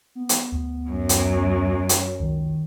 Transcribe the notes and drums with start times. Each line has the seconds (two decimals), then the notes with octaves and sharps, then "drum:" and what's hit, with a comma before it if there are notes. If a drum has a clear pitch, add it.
0.15 B3
0.29 drum: hi-hat
0.52 D2
0.89 F#2
1.09 drum: hi-hat
1.89 drum: hi-hat
2.20 C#2 D#3